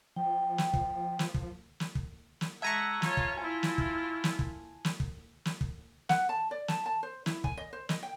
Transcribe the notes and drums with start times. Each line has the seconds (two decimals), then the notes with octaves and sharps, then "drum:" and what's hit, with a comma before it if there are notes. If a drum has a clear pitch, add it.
0.16 F3 G5
0.58 drum: snare
0.73 drum: kick
1.19 drum: snare
1.34 drum: kick
1.80 drum: snare
1.95 drum: kick
2.41 drum: snare
2.62 G#3 E5 F#5 A5 A#5 C#6 G#6 D#7
3.02 F4 C#5, drum: snare
3.17 drum: kick
3.37 E4 F4 G#5
3.63 drum: snare
3.78 drum: kick
4.24 drum: snare
4.39 drum: kick
4.85 drum: snare
5.00 drum: kick
5.45 drum: snare
5.61 drum: kick
6.09 F#5, drum: snare
6.29 A5
6.51 D5
6.68 A5, drum: snare
6.86 A5
7.03 C5
7.26 E4, drum: snare
7.44 G#5, drum: kick
7.57 D#5
7.73 C5
7.89 D#5, drum: snare
8.03 G5